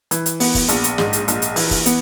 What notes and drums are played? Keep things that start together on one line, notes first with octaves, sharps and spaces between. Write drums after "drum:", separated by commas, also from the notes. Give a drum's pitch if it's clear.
E3, drum: hi-hat
drum: hi-hat
B3, drum: open hi-hat
drum: kick, open hi-hat
A#1, drum: hi-hat
drum: hi-hat
G#2, drum: snare
drum: hi-hat
A#1, drum: hi-hat
drum: hi-hat
E3, drum: open hi-hat
drum: kick, open hi-hat
B3, drum: hi-hat